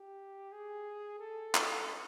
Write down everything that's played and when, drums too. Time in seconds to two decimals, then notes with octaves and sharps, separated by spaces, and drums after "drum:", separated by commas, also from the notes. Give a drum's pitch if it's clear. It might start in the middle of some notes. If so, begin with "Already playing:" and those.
Already playing: G4
0.52 G#4
1.19 A4
1.55 drum: clap